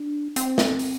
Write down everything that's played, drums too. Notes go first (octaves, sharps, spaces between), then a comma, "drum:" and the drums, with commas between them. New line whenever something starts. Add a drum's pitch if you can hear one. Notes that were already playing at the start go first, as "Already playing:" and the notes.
Already playing: D4
C4, drum: hi-hat
drum: snare
drum: open hi-hat